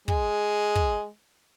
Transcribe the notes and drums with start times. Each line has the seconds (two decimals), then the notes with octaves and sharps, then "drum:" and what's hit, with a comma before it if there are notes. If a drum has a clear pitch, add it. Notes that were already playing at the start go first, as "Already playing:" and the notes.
0.08 G#3, drum: kick
0.76 drum: kick